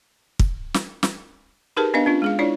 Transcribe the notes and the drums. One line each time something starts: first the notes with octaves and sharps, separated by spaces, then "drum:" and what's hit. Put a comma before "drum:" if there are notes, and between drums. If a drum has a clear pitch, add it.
drum: kick
drum: snare
drum: snare
D#4 G4 G#4 A#4 B4 A5
B3 D4 B4 D#5 F5
C#4 D4 F4
G#3 G#4 F5
D4 E4 F4 C#5 D5